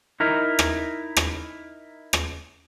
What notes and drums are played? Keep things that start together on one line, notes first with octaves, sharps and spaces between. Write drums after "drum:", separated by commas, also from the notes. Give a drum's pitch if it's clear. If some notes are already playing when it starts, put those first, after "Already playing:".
D#4 E4 A#4
drum: rim click
drum: rim click
drum: rim click